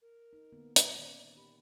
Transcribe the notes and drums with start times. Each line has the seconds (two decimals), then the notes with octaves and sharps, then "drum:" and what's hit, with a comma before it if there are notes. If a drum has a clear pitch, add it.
0.02 A#4
0.33 D#4
0.52 D3 A#3 B3
0.76 A#2, drum: hi-hat
0.99 D#3 C#4 D5
1.37 G4 B5